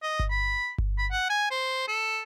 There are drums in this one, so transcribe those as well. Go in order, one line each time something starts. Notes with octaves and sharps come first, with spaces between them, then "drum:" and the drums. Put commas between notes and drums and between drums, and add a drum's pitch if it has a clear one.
D#5
drum: kick G1
B5
drum: kick G1
B5
F#5
G#5
C5
A4